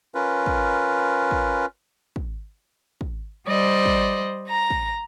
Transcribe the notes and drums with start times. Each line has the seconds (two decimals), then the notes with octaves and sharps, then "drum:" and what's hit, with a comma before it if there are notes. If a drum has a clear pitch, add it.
0.15 C#4 F4 A#4 B4
0.46 drum: kick
1.31 drum: kick
2.16 drum: kick
3.01 drum: kick
3.47 G3 C5 D5 D#5
3.86 drum: kick
4.49 A#5 A#6
4.70 drum: kick